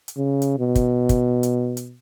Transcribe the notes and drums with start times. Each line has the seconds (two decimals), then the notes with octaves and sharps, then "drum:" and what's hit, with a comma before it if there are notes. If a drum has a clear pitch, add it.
0.08 drum: hi-hat
0.17 C#3
0.42 drum: hi-hat
0.59 B2
0.75 drum: kick, hi-hat
1.09 drum: kick, hi-hat
1.43 drum: hi-hat
1.77 drum: hi-hat